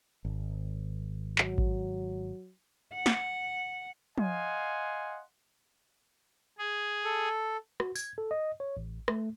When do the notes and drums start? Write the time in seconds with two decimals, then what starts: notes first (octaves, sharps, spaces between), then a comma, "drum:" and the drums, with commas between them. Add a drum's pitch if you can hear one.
0.25 G#1
1.38 F#3, drum: clap
1.58 drum: kick A1
2.95 F#5
3.06 drum: snare
4.18 D#5 F5 F#5 G#5 C6, drum: tom F3
6.58 G#4
7.04 A4
7.80 F#4, drum: rim click
7.95 G#6, drum: tambourine
8.18 A4
8.31 D#5
8.60 C#5
8.77 A1
9.08 A3, drum: rim click